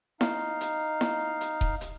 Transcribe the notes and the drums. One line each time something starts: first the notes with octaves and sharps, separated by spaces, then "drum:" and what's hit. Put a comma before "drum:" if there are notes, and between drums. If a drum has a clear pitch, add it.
D#4 F5, drum: snare E4
drum: hi-hat
drum: snare E4
drum: hi-hat
drum: kick D#1
drum: hi-hat